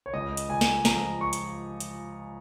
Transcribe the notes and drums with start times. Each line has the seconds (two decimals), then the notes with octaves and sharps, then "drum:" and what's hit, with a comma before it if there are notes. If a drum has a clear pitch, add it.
0.06 C#5
0.13 C#2 D#5
0.37 drum: hi-hat
0.49 C#2 G#5
0.61 drum: snare
0.85 F3 A#5, drum: snare
1.21 C#6
1.33 drum: hi-hat
1.80 drum: hi-hat